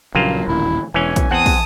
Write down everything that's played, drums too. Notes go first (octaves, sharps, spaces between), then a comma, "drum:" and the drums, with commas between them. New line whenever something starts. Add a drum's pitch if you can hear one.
A#1 G2 C#3 F#3 A#3 F4
D#1 A1 D2 E4
E1 E3 C#4 G#5
drum: kick, hi-hat
E2 C4 F#5 A5 D#6
drum: kick, open hi-hat